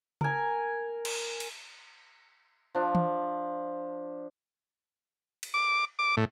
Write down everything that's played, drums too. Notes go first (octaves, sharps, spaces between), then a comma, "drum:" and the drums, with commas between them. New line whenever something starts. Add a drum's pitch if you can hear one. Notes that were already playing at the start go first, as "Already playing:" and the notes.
A#4 G#5, drum: tom C#3
drum: cymbal
drum: cymbal
F3 D4
drum: tom E3
drum: cymbal
D6
D6
A2